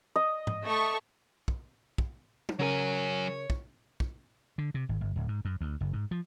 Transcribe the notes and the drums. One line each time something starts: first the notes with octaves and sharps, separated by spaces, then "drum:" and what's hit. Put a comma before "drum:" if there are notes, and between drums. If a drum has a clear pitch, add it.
D#5
drum: tom G#2
A3 C#6
drum: kick
drum: kick
drum: tom
C#3 F#3 A#4 C#5 G#5
drum: kick
drum: kick
D3
C3
G#1
G1
D1
G#2
F#2
D2
F#1
G#2
F3